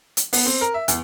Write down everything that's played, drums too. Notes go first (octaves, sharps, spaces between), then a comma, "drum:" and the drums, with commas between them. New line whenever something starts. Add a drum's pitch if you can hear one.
drum: hi-hat
B3, drum: open hi-hat
C4
A#4
E5
E2, drum: hi-hat